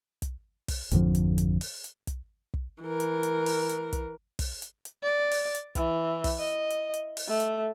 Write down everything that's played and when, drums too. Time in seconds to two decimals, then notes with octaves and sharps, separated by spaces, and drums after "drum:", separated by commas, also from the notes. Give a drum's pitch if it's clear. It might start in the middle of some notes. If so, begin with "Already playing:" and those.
0.22 drum: kick, hi-hat
0.68 drum: kick, open hi-hat
0.91 G#1 F2 D3 F3, drum: hi-hat
1.15 drum: hi-hat
1.38 drum: hi-hat
1.61 drum: open hi-hat
1.84 drum: hi-hat
2.07 drum: kick, hi-hat
2.54 drum: kick
2.83 E3 A#4
3.00 drum: hi-hat
3.23 drum: hi-hat
3.46 drum: open hi-hat
3.69 drum: hi-hat
3.93 drum: kick, hi-hat
4.39 drum: kick, open hi-hat
4.62 drum: hi-hat
4.85 drum: hi-hat
5.03 D5
5.31 drum: open hi-hat
5.55 drum: hi-hat
5.75 E3, drum: kick, hi-hat
6.24 drum: kick, open hi-hat
6.40 D#5
6.70 drum: hi-hat
6.94 drum: hi-hat
7.17 drum: open hi-hat
7.28 A3
7.40 drum: hi-hat